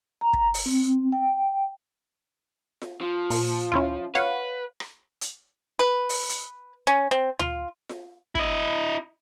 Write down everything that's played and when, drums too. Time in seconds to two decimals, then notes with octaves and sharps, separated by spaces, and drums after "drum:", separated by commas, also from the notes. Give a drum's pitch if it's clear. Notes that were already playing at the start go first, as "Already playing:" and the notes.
0.21 A#5
0.33 drum: kick
0.54 drum: open hi-hat
0.66 C4
1.12 G5
2.82 drum: snare F4
3.01 F3
3.30 A#2, drum: open hi-hat
3.72 C#4 E4 F4, drum: tom D2
4.15 B4 C#5 F5 F#5, drum: snare F4
4.80 drum: rim click
5.21 drum: hi-hat
5.79 B4
6.09 drum: open hi-hat
6.29 drum: hi-hat
6.87 C#4
7.11 C4
7.39 F4, drum: tom D2
7.89 drum: snare F4
8.35 E4 D#5, drum: kick